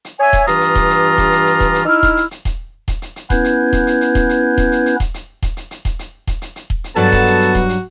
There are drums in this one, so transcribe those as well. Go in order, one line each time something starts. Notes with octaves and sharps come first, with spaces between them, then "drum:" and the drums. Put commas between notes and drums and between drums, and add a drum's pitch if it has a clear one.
drum: hi-hat
C#5 E5 G#5
drum: kick D#1, hi-hat
G2 E3 F4 A#5 D#6, drum: hi-hat
drum: hi-hat
drum: kick D#1, hi-hat
drum: hi-hat
drum: kick D#1, hi-hat
drum: hi-hat
drum: hi-hat
drum: kick D#1, hi-hat
drum: hi-hat
D#4 E4 E6 F6
drum: kick D#1, hi-hat
drum: hi-hat
drum: hi-hat
drum: kick D#1, hi-hat
drum: kick D#1, hi-hat
drum: hi-hat
drum: hi-hat
B3 C#4 E4 B4 G6 G#6, drum: kick D#1, hi-hat
drum: hi-hat
drum: kick D#1, hi-hat
drum: hi-hat
drum: hi-hat
drum: kick D#1, hi-hat
drum: hi-hat
drum: kick D#1, hi-hat
drum: hi-hat
drum: hi-hat
drum: kick D#1, hi-hat
drum: hi-hat
drum: kick D#1, hi-hat
drum: hi-hat
drum: hi-hat
drum: kick D#1, hi-hat
drum: hi-hat
drum: kick D#1, hi-hat
drum: hi-hat
drum: hi-hat
drum: kick D#1
drum: hi-hat
G2 F#3 B3 F#4 A4 A5
drum: kick D#1, hi-hat
drum: hi-hat
drum: hi-hat
drum: kick D#1, hi-hat
drum: hi-hat